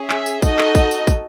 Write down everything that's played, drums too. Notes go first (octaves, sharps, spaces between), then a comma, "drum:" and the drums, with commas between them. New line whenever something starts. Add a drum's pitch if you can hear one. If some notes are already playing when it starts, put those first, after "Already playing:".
Already playing: C#4 G#4
E5, drum: clap
drum: tambourine
D#4 F#4 A4 D#5, drum: kick, tambourine
drum: clap
drum: kick, tambourine
drum: tambourine
drum: kick, tambourine